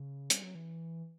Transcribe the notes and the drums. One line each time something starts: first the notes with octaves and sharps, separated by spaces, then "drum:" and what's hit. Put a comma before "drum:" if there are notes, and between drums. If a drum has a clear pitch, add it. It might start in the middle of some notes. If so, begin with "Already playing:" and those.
Already playing: C#3
G3, drum: hi-hat
F#3
E3